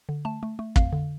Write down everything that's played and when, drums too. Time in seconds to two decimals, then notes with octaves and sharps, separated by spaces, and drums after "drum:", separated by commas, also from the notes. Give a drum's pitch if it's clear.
0.09 D3
0.25 A3 A5
0.43 A3
0.59 A3
0.76 F2 F5, drum: kick
0.92 D3